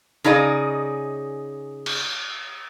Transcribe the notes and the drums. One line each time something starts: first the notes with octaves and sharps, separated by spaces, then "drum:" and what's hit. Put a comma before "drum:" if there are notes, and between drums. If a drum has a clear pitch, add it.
C#3 D#4 G#4 D5 D#5
drum: cymbal